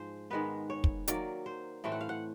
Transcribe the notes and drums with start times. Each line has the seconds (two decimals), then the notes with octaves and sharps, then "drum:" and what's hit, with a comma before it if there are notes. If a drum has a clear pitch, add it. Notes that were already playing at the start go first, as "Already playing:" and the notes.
Already playing: G#2 F3 G#3 C5
0.30 G#2 D#3 G#3 B3 B4
0.70 C#5
0.84 drum: kick
1.08 D#3 F#3 A#3 D5, drum: hi-hat
1.46 C5
1.84 A2 E3 A3 C4 G5
1.92 F#5
2.01 F5
2.09 F#5